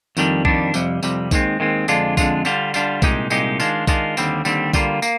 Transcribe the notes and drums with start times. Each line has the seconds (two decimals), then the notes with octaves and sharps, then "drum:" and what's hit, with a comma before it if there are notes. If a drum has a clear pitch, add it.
0.17 F2 D#3 G3 D4, drum: tambourine
0.45 F2 D#3 G3 D4, drum: kick B1
0.74 F2 C3 G3, drum: tambourine
1.03 F2 C3 G3, drum: tambourine
1.31 D#2 D#3 G#3 C4, drum: kick B1, tambourine
1.60 D#2 D#3 G#3 C4
1.88 F2 D3 G#3 D4 F4, drum: tambourine
2.17 F2 D3 G#3 D4 F4, drum: kick B1, tambourine
2.45 D3 G3 D4 F4, drum: tambourine
2.74 D3 G3 D4 F4, drum: tambourine
3.02 C2 A#2 G#3 D#4 G4, drum: kick B1, tambourine
3.30 C2 A#2 G#3 D#4 G4, drum: tambourine
3.60 D#3 G#3 D4 F4, drum: tambourine
3.87 D#3 G#3 D4 F4, drum: kick B1, tambourine
4.17 D#2 D3 G3 C4, drum: tambourine
4.45 D#2 D3 G3 C4, drum: tambourine
4.73 D3 G3 A#3 F4, drum: kick B1, tambourine
5.02 A#3, drum: tambourine